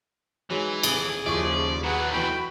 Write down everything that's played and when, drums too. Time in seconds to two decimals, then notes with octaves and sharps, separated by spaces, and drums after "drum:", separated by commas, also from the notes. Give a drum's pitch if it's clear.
0.50 E3 F#3 G#3 D#4
0.83 D#1 C3 G#4, drum: cymbal
1.26 D#2 C#3 F3 E4 D5 C#6
1.83 F#3 A3 G#4 B4 F#5
2.12 F1 E2 E3 F#4 G5 B5